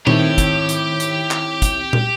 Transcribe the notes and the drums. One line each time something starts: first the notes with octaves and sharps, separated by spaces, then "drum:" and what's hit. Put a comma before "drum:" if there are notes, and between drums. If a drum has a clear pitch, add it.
D#3 C4 E4 G4 C#5, drum: tom A#2
drum: kick, hi-hat
drum: hi-hat
drum: hi-hat
drum: clap
drum: kick, hi-hat
drum: tom A#2